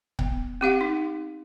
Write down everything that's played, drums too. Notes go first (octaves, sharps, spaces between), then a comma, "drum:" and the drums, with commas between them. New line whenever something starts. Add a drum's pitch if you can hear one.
B3, drum: kick C#1
C4 G4 F5 F#5
D#4